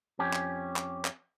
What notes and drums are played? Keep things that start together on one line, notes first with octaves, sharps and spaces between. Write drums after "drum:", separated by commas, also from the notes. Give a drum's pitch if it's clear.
F2 C#4 G4
drum: clap
drum: clap
drum: clap